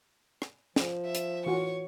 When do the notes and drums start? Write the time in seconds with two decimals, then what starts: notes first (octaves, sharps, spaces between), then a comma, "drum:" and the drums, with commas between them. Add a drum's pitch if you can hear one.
0.42 drum: rim click
0.76 F3, drum: snare
1.06 E5
1.15 drum: hi-hat
1.46 E3 F4 F#4 C#5 C#6